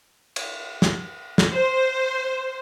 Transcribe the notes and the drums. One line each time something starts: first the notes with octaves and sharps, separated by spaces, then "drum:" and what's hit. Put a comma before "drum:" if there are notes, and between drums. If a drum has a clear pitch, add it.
drum: cymbal
drum: snare
drum: snare
C5